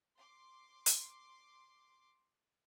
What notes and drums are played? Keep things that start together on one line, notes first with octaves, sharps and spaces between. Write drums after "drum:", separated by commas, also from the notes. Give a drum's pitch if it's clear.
C6 D6
drum: hi-hat